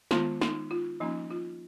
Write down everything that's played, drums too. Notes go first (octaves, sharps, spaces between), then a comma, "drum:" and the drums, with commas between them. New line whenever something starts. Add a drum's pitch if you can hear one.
D#3 G#3 B3 F4, drum: snare
D#4, drum: snare
F4
F3 A#3 C#4 D#4
F4